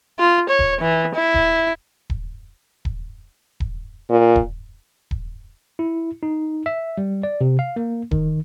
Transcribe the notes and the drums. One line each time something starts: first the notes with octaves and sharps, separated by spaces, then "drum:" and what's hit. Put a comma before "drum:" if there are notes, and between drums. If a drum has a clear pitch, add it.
F4
C#5
drum: kick D#1
E3
E4
drum: kick D#1
drum: kick D#1
drum: kick D#1
drum: kick D#1
A#2
drum: kick D#1
drum: kick D#1
E4
D#4
E5
G3
D5
C3
F5
A#3
D#3, drum: kick D#1